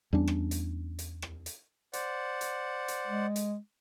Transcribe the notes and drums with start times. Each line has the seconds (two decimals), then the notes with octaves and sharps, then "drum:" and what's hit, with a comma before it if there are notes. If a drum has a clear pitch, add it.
0.13 E2 G3 C#4 D4
0.27 drum: rim click
0.51 drum: hi-hat
0.99 drum: hi-hat
1.22 drum: rim click
1.46 drum: hi-hat
1.93 C5 D5 F#5, drum: hi-hat
2.41 drum: hi-hat
2.88 drum: hi-hat
3.07 G#3
3.36 drum: hi-hat